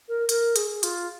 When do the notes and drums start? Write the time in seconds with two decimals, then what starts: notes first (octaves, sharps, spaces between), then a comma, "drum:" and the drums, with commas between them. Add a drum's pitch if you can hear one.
0.08 A#4
0.29 A#4, drum: hi-hat
0.56 G#4, drum: hi-hat
0.83 F4, drum: hi-hat